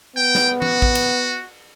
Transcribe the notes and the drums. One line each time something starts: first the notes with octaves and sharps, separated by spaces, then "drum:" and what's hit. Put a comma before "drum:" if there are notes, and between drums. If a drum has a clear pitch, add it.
B3 G5
drum: snare
F#4, drum: tom E3
drum: kick A1
drum: cymbal